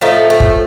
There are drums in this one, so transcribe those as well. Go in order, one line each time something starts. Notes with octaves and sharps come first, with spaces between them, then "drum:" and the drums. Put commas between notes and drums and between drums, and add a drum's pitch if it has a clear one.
A2 F3 A3 D#4
A3
drum: kick G1